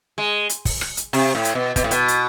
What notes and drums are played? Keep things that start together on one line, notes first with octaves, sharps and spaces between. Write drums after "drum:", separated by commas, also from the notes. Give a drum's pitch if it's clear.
G#3
drum: hi-hat
drum: kick, open hi-hat
drum: rim click
drum: hi-hat
C3, drum: open hi-hat
A2
drum: hi-hat
B2
B2, drum: kick, hi-hat
A2
B2, drum: hi-hat
drum: hi-hat